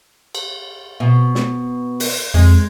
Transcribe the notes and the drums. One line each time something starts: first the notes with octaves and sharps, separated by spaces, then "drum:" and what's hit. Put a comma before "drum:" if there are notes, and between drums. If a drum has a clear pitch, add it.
drum: cymbal
B2
drum: snare
drum: open hi-hat
F2 G#3